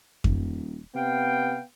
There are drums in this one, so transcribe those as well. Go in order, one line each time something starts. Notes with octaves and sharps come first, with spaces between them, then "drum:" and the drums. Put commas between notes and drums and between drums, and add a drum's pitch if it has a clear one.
D#1, drum: kick F2
C3 B3 F5 G5